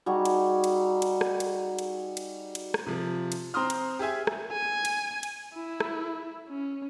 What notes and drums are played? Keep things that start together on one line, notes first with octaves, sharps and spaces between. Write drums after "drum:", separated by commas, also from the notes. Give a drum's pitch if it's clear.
G3 D#4 F#4 G#4
drum: cymbal
drum: cymbal
drum: cymbal
drum: rim click
drum: cymbal
drum: cymbal
drum: cymbal
drum: cymbal
drum: rim click
C3 F3
drum: cymbal
C4 A#5 C6 D#6 F6
drum: cymbal
G4 G#4 E5 G#5
drum: rim click
G#5
drum: cymbal
drum: cymbal
E4
drum: rim click
C#4